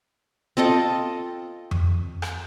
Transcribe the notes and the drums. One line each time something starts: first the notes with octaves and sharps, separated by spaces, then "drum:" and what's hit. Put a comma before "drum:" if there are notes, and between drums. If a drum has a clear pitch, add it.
C4 F4 A4 D#5
drum: tom F2
drum: rim click